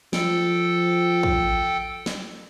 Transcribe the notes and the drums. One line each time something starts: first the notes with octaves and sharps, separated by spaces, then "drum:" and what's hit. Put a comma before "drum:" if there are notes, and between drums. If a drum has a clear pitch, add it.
F3 A4 G5, drum: snare
drum: kick
drum: snare